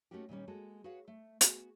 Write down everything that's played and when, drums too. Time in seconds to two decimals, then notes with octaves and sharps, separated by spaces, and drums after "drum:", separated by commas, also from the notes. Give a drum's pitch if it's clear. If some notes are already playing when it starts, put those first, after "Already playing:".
0.11 A3 A#3 C#4 D#4 F#4 G4
0.29 A#2 D#3 G3 C#4
0.48 G#3 A#3 F#4 A4
0.84 F#4 G#4 B4 C#5 F5 F#5
1.08 A3
1.41 B3 F#4 G#4, drum: hi-hat